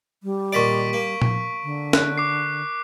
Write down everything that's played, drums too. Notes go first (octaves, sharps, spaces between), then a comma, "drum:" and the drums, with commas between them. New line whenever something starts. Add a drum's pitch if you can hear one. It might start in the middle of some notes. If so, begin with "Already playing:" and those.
G3
A#2 D#3 D5 C#6 B6 D7
A#3
drum: tom A#2
D3
F#6, drum: snare
D6 C7